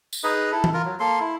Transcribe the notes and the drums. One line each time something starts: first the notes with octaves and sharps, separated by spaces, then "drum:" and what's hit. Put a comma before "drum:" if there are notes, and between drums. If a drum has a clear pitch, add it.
drum: tambourine
D#4 G#4 B4 D#5
E4 A4
drum: tom E3
F4 A#4
F#3
A#3 A4 C6
E4